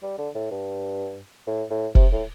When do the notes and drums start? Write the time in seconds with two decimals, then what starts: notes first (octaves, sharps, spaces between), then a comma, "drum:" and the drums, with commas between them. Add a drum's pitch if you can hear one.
0.03 G3
0.18 D3
0.35 A2
0.51 G2
1.47 A2
1.71 A2
1.95 C3, drum: kick
2.12 A2